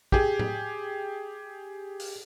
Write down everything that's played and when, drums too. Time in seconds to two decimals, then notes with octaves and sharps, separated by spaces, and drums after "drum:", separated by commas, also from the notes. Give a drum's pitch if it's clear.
0.12 G4 G#4, drum: kick
0.39 drum: tom A2
1.99 drum: open hi-hat